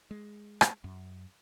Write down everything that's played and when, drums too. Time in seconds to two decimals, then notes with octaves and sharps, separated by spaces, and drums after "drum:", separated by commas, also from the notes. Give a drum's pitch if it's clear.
0.11 G#3
0.61 drum: rim click
0.84 F#2